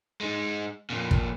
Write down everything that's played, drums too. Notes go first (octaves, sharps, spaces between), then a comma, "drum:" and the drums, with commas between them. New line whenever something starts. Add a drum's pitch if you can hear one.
G#3 D#4
F2 A#2
drum: kick